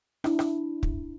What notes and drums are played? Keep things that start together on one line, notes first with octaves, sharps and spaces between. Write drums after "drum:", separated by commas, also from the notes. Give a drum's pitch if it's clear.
D4 E4, drum: rim click
drum: rim click
drum: kick